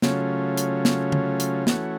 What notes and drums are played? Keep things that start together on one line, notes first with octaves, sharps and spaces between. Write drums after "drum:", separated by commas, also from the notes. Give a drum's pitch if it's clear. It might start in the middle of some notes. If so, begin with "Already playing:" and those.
C#3 F#3 A3 C#4 F4, drum: snare
drum: hi-hat
drum: snare
drum: tom
drum: hi-hat
E3 A3 C#4 F#4, drum: snare